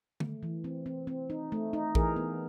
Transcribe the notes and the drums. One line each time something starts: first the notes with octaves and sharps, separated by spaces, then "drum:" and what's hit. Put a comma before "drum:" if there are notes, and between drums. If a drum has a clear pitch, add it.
A3, drum: tom D3
E3
C4
C4
C4
D#4
A3
D#4
E3 G#4 A#4, drum: kick A#1
B3